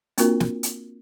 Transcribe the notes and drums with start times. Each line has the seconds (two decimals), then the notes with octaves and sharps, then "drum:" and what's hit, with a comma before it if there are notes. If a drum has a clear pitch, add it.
0.18 A#3 C4 D4 F4 F#4 A#4, drum: hi-hat
0.40 drum: snare
0.63 drum: hi-hat